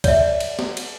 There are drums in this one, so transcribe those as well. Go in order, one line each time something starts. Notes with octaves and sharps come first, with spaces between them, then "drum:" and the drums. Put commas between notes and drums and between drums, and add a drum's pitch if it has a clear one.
C#5 D5 E5, drum: kick C#2, cymbal
drum: cymbal
drum: snare
drum: cymbal